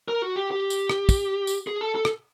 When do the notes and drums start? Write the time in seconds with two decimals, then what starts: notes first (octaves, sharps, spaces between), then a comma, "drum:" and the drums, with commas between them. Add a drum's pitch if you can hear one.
0.08 A#4
0.22 F#4
0.36 G4
0.51 G4
0.70 drum: tambourine
0.90 drum: rim click
1.09 drum: kick, tambourine
1.47 drum: tambourine
1.67 G#4
1.81 A4
1.95 A4
2.05 drum: rim click